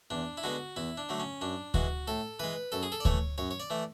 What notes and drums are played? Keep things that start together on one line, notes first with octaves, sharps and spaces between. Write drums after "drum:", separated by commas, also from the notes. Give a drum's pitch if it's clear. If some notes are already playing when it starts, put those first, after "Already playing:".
E2 D4
E4
D3 G#3 B3 F#4
E2 E4
D4
D3 F#3 A3
C#4
F#2 D4
E3 G#3 F#4, drum: kick D2
A2 A4
E3 G#3 B4
F#2 A4
G#4
A4
D5
E3 A3 C#5, drum: kick D2
F#2 C#5
C#5
D5
E3 A3